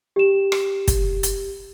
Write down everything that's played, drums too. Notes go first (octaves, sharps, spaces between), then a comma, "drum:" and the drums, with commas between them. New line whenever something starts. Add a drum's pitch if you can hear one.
G4 E7
drum: rim click
drum: kick, hi-hat
drum: hi-hat